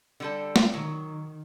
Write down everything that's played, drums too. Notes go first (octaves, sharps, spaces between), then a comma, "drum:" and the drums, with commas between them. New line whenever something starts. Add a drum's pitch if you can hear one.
D3 G3 A4
drum: snare
D#3 F#3